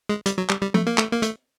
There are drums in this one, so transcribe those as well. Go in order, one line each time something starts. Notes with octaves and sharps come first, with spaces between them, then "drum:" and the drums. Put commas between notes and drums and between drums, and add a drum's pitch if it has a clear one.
G#3
G3, drum: hi-hat
F#3
G3, drum: clap
G3
A3, drum: tom
A#3
A3, drum: clap
A#3
A3, drum: hi-hat